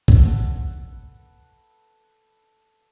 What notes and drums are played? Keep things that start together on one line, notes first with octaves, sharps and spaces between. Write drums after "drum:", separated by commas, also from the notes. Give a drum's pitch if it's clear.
A4 B4 F#5, drum: kick B1